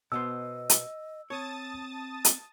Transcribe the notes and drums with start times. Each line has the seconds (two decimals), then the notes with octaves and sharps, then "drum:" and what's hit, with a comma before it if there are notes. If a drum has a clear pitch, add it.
0.12 B2 B3 C5 D#5 E6
0.70 drum: hi-hat
1.30 C4 C#5 A5 D#6 A6
2.25 drum: hi-hat